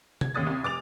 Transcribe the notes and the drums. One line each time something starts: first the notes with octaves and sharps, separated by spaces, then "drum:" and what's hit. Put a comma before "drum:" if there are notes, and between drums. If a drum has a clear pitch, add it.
G#6, drum: tom C3
D#2 C#4 D#6 A6
C2
F1 D6 A6 F7